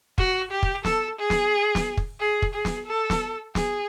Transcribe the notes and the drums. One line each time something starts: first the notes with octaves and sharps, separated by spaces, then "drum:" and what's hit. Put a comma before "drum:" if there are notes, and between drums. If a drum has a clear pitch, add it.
F#4, drum: kick
G4
drum: kick
A4, drum: snare
G#4
drum: snare
drum: snare
drum: kick
G#4
drum: kick
G#4
drum: snare
A4
drum: snare
G#4, drum: snare